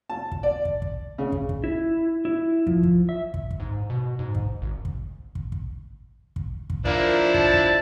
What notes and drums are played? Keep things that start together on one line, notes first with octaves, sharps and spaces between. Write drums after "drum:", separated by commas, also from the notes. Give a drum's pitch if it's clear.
A5
drum: kick
D5
drum: kick
drum: kick
C#3
drum: kick
drum: kick
E4
E4
F3, drum: kick
drum: kick
E5
drum: kick
drum: kick
G#2
B2
G#2
drum: kick
G#1
drum: kick
drum: kick
drum: kick
drum: kick
drum: kick
F3 A#3 D4 E4, drum: kick
A5, drum: kick
drum: kick